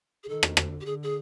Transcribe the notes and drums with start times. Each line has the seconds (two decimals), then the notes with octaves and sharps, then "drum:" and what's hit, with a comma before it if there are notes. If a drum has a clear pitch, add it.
0.24 G#4
0.28 D#3 A4
0.43 drum: rim click
0.57 D3, drum: rim click
0.81 G4
0.85 D3 G#4
1.03 G#4